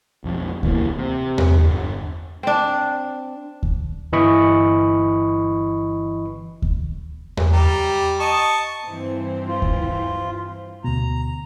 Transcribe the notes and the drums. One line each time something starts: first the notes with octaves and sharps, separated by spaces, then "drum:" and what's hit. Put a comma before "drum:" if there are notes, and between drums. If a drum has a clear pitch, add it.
B1 F2
D1 B1 E3 A#3, drum: kick D2
C3
drum: tom E2
G1
C4 D4
drum: kick D2
G1 E3 D#5 B5 C#6
drum: kick D2
drum: tom E2
G3 A#5
D#5 A5 C#6
G2 E3 C4
F4
drum: kick D2
D2 B2 A#5